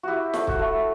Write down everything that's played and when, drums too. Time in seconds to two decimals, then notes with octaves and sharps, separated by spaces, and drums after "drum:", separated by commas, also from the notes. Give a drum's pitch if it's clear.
0.03 E4 F#4 G4
0.34 A3, drum: snare
0.47 F#4, drum: kick
0.59 A3